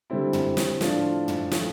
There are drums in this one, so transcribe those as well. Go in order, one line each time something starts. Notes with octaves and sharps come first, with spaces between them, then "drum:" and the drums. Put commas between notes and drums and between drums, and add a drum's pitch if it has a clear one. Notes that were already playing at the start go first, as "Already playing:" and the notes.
D3 G3 C4 E4
drum: tom
drum: snare
A2 F3 A3 D4 F4, drum: snare
drum: tom
A2 F3 A3, drum: snare